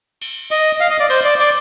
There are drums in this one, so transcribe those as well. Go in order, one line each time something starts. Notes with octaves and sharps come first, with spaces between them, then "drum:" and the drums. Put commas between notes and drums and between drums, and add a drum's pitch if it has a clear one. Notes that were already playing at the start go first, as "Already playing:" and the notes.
drum: cymbal
D#5, drum: cymbal
F5
D#5
D5
C5, drum: cymbal
D5
D5, drum: cymbal